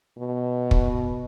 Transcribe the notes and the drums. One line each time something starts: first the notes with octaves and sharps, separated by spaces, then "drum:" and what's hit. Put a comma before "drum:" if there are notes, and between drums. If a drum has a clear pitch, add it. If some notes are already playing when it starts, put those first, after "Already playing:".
B2
drum: kick